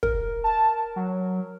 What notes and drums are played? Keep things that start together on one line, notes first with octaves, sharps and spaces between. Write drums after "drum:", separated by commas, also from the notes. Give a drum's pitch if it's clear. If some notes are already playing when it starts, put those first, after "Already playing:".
A#4, drum: kick
A5
F#3